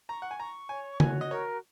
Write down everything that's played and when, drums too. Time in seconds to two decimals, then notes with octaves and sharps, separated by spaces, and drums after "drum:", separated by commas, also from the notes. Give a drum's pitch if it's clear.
0.08 A#5 C#6
0.22 F#5
0.31 G#5
0.39 A#5 C#6
0.69 C#5 G#5
1.00 F#4 G#5, drum: tom
1.21 D#5
1.30 A#4 C#5